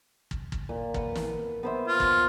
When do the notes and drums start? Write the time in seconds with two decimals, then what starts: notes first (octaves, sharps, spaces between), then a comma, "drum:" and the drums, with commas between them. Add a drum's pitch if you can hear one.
0.31 drum: kick
0.52 drum: kick
0.69 A#2
0.94 B4 F#5, drum: kick
1.15 drum: snare
1.63 B3 C5 E5
1.87 F4
2.00 drum: kick